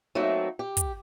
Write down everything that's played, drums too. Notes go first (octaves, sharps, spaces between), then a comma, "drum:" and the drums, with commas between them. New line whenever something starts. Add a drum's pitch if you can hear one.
F#3 A3 A#3 C4 D#4 E5
G4
drum: kick, hi-hat